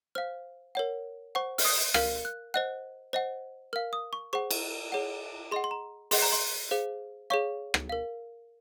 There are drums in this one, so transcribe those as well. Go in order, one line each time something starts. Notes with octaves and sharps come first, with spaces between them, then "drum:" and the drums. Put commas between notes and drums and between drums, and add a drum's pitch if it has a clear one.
C5 F5 F6
A#4 C#5 F#5
C5 F#5 C#6
F6, drum: open hi-hat
D#6
A#4 F5 F6, drum: rim click
F#6
C5 D#5 F#5 F#6
C5 D#5 F#5
A#4 F5 F6
D#6
C#6
G#4 C5 F#5 C#6
drum: cymbal
G#4 C#5 F#5
G#4 D#5 F#5 C6
C6
A#5
G#4 D#5 F#5 C6, drum: open hi-hat
A#5
C6
G#4 C5 F5
G#4 C#5 F5 C#6
drum: rim click
A#4 F5